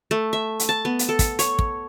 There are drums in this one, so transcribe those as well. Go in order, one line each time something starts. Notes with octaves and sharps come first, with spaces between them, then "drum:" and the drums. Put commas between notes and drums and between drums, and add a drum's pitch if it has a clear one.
A3
E5
drum: hi-hat
A5
B3
drum: hi-hat
A4
drum: kick, hi-hat
C#5, drum: hi-hat
drum: kick